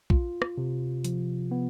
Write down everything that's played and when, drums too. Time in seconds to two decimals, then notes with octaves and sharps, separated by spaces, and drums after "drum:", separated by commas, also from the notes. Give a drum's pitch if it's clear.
0.10 F4, drum: kick
0.42 drum: rim click
0.58 C3
1.05 F3, drum: hi-hat
1.51 B3